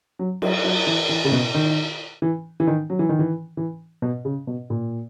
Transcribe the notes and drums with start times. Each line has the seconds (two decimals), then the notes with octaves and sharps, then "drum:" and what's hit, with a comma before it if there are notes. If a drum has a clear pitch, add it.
0.19 F#3
0.42 F#3, drum: cymbal
0.65 F#3
0.87 E3
1.09 E3
1.24 C#3
1.32 B2
1.55 D#3
2.22 E3
2.60 E3
2.67 D#3
2.90 F#3
2.99 E3
3.09 D#3
3.19 E3
3.57 E3
4.02 B2
4.25 C#3
4.47 B2
4.70 A#2